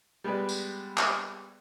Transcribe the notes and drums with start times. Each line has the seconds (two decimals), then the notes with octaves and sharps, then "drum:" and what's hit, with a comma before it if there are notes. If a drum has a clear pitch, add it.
0.24 G3 G#3 B3 G4 B4 D5
0.49 drum: tambourine
0.98 drum: clap